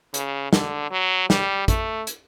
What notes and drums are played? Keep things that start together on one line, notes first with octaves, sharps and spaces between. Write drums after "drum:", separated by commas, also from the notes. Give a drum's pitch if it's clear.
C#3, drum: hi-hat
D3, drum: snare
F#3
G3, drum: snare
A3, drum: kick, hi-hat
drum: hi-hat